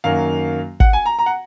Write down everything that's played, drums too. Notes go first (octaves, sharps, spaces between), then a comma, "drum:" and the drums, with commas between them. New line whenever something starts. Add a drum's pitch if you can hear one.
F#2 D#3 F#3 A#3 F5
F#5, drum: kick
G#5
A#5
A#5
F#5